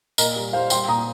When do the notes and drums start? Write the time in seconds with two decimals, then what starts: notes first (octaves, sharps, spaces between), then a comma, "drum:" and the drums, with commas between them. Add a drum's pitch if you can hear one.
0.18 A#2 A#4 D#5, drum: tambourine
0.36 G3
0.53 G3 C5 F5
0.70 G3 G5 C6, drum: tambourine
0.88 A#2 A#5 D#6